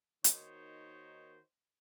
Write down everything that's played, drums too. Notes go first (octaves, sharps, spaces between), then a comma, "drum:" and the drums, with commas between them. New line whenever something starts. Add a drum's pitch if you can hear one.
D#3 A#3 D#4 F#4 C5 C#5, drum: hi-hat